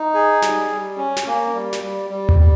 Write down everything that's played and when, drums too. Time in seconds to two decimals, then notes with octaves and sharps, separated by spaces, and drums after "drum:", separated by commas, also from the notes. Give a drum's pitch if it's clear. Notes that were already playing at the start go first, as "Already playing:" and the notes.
Already playing: D#4
0.14 G#4
0.42 G3, drum: snare
0.70 G3
0.97 C#4
1.16 drum: snare
1.26 A#3
1.53 G3
1.73 drum: snare
1.82 G3
2.10 G3
2.29 drum: tom D#2
2.39 G3